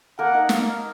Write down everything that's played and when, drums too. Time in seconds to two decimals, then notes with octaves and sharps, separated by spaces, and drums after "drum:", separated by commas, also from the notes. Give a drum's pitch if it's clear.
0.19 A#3 A#4 F#5
0.34 D#4
0.49 F5, drum: snare